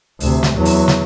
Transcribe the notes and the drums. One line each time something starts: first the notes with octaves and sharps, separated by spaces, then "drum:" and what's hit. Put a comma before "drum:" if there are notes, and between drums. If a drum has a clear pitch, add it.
D2 C3, drum: open hi-hat
drum: snare
E2 F#3
drum: open hi-hat
drum: snare